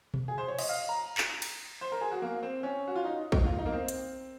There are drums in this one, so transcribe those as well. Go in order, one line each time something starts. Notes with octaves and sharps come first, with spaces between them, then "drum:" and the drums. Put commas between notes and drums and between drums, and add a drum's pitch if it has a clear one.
drum: tom B2
G#4
C5
C#5
D#5, drum: cymbal
F5
A#5
drum: clap
drum: cymbal
C5
A#4
G#4
F#4
A#3
C4
C#4
F#4
F4
D#4
drum: kick A#1
F4
D#4
A#3
C4
drum: hi-hat